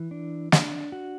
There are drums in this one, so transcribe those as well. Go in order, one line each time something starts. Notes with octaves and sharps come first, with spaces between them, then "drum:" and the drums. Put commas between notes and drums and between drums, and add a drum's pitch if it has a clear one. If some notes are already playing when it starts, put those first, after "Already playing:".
Already playing: E3
D4
D4, drum: snare
F#4